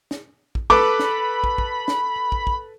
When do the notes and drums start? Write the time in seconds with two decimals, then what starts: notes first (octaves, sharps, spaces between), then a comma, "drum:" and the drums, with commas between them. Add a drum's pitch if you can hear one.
0.11 drum: snare
0.55 drum: kick
0.70 A4 B4 B5 D6, drum: kick
0.99 drum: snare
1.44 drum: kick
1.58 drum: kick
1.88 drum: snare
2.32 drum: kick
2.47 drum: kick